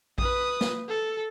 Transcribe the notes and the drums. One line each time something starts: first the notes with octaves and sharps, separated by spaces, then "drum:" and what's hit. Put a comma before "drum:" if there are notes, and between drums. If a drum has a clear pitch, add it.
B4 D#6, drum: kick A#1
drum: snare
A4